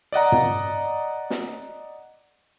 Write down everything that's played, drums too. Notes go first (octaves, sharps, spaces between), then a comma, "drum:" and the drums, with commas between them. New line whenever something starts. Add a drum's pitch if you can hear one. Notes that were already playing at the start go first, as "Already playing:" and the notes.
D5 D#5 F#5 A#5
drum: tom
drum: snare